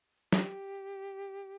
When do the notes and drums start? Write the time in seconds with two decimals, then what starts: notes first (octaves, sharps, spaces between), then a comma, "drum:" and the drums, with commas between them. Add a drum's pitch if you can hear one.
0.33 G4, drum: snare